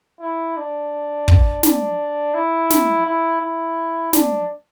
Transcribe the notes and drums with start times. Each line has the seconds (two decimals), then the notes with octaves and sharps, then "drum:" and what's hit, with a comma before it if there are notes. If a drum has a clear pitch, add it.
0.20 E4
0.57 D4
1.28 drum: kick
1.63 D4, drum: snare
2.34 E4
2.70 drum: snare
3.06 E4
3.41 E4
4.13 D4, drum: snare